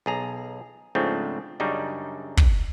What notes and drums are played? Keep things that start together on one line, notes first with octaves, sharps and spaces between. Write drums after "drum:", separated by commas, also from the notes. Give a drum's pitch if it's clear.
B1 G#4 A#5
G#2 C#3 F3 A3 C4 D4
F#2 C#3 G3 D4 D#4
drum: kick